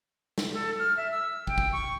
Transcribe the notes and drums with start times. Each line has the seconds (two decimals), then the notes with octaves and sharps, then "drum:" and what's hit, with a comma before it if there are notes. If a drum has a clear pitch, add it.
0.38 drum: snare
0.53 A4
0.79 F6
0.97 E5
1.11 E6
1.47 G5, drum: kick
1.58 drum: kick
1.72 C#6